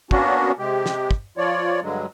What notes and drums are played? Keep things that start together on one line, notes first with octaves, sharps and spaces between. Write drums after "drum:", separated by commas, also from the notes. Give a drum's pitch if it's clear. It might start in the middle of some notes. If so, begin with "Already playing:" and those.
A#3 B3 C#4 D4 F#4, drum: kick
C3 G#3 G4
drum: snare
drum: kick
F3 F4 C#5 D5
G2 D3 F#3 G#3